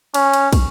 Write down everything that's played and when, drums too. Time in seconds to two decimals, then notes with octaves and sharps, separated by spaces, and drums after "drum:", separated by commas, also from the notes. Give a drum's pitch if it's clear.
0.14 C#4, drum: cymbal
0.33 drum: cymbal
0.53 drum: kick, cymbal